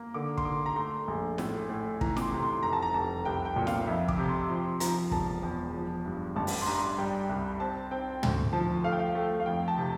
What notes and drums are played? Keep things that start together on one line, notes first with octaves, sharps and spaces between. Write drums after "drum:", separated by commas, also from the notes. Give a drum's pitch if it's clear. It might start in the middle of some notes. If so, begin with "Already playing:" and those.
Already playing: A#3
D3 D6
C6, drum: kick
D3 D6
A#5
A3 C6
A#1
A2, drum: snare
A2
E3 A#5, drum: kick
D6, drum: snare
C6
C3
C6
F1 A#5
A5
A#5
F1 A5
C2 G5
G5
A#2
F5, drum: snare
F5
F2 E5
D6, drum: kick
C3
C6
F3 C6
F3 A#5, drum: hi-hat
E1 A5, drum: kick
E2
F3
G2
A1 A5
drum: open hi-hat
C6
G2 A#5
G3 G5
C2
C4 A5
C4 G5
D2, drum: tom
F3 A5
A3 F5
G5
F5
A3
F5
F2 G5
A5
C3